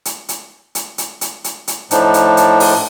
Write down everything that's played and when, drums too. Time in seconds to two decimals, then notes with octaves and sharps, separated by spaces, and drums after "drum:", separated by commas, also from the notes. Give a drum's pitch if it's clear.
0.05 drum: hi-hat
0.29 drum: hi-hat
0.75 drum: hi-hat
0.98 drum: hi-hat
1.21 drum: hi-hat
1.44 drum: hi-hat
1.68 drum: hi-hat
1.91 A2 F3 D4 D#4, drum: hi-hat
2.14 drum: hi-hat
2.37 drum: hi-hat
2.60 drum: open hi-hat